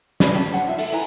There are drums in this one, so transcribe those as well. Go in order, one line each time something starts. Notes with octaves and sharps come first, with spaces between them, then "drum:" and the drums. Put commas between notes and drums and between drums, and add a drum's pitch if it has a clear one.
F4 A4 B5, drum: snare
C#4 G4 A5
D4 C5 F#5 A5
D#4 F4 E5
A4, drum: open hi-hat
E4 B4 G#5 A#5